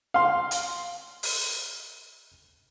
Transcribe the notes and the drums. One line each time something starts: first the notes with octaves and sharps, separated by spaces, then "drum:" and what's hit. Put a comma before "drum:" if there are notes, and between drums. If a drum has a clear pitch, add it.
F5 C6
drum: hi-hat
drum: open hi-hat